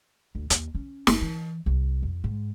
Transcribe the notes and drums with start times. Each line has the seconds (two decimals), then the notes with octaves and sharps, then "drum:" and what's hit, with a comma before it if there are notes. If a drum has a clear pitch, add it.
0.35 D2
0.50 D#2, drum: hi-hat
0.75 C#4
1.07 F#1, drum: snare
1.21 E3
1.66 C2
2.03 F2
2.24 G#2